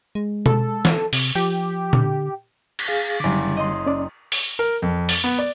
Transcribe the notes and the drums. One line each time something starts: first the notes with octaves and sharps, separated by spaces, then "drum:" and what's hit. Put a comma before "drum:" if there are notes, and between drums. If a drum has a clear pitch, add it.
G#3
A4, drum: tom B2
drum: snare
C3, drum: open hi-hat
F3 G4
D3, drum: tom
drum: cymbal
G#4 F5
F#1 D3 G3 D6
D#5 C6
C#4 D5
drum: open hi-hat
A#4
F2
A6, drum: open hi-hat
B3
D5